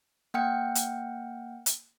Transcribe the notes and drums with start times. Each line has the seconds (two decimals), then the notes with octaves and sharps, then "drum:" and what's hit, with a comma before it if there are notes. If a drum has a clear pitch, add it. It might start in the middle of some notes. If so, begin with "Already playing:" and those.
0.34 A#3 F#5 G5 F6 C#7
0.75 drum: hi-hat
1.66 drum: hi-hat